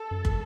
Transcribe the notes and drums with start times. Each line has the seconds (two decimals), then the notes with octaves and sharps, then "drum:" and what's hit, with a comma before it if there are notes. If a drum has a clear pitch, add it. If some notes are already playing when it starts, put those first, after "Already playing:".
Already playing: A4
0.11 F#2
0.25 drum: kick